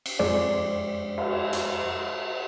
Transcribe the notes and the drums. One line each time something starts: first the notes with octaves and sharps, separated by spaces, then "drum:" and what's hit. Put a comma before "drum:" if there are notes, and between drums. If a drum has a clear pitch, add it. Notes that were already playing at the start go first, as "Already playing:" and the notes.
drum: cymbal
F2 G#3 C5 D5
drum: cymbal
drum: hi-hat